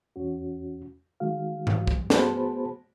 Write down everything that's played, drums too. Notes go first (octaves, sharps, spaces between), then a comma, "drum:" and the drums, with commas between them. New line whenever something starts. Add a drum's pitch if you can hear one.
E2 C#4 F#4
D#3 G#3 F#4 F5
drum: tom G#2
drum: kick
B3 F#4 G#4 C5 A5 B5, drum: snare